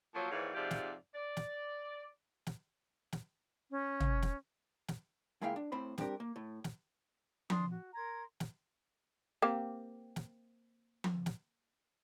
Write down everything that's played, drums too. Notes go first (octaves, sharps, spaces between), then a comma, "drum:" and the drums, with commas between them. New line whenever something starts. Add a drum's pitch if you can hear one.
F3 F#3 A#3
D#2 G#2 E3 F3 C#5 D5
F2 G#2 C3 F3 G4 D5
drum: snare
D5
drum: snare
drum: snare
drum: snare
C#4
drum: tom
drum: snare
drum: snare
C#2 G#3 A#3 E4 F5 G5
D4
A2 C4 C5 B5
G3 C4 D4 G4 A#4, drum: snare
A#3
A2
drum: snare
D4 C6 D#6, drum: tom F3
F#4
A#4 A#5 C6 G#6
drum: snare
A#3 C4 G4
drum: snare
drum: tom F3
drum: snare